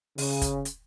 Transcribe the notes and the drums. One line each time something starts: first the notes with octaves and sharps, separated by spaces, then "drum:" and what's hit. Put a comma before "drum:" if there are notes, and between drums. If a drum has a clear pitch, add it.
C#3, drum: open hi-hat
drum: kick, hi-hat
drum: hi-hat